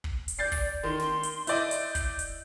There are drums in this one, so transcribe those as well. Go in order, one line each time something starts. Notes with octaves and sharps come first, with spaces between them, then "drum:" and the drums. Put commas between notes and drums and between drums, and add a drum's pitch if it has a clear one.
drum: kick
drum: hi-hat
D5 G6 A6 C7
drum: kick, open hi-hat
D#3 C6
drum: snare
drum: hi-hat
E4 D5 D#5 G6, drum: hi-hat
drum: hi-hat
drum: kick, hi-hat
drum: hi-hat